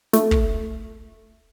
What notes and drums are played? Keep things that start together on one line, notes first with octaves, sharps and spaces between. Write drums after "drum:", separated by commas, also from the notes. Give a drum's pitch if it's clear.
A3, drum: snare
drum: kick